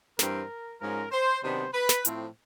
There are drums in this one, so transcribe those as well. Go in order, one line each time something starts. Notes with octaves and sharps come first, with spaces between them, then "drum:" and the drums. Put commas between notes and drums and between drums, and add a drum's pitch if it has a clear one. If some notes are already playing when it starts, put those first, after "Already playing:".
G2 E3 G3 C4 A#4, drum: snare
G#2 F3 G#3 C#4 A#4
C5
C3 D#3 F#3 B3 D4 C5
B4
drum: snare
A2 F3 A3 C4, drum: hi-hat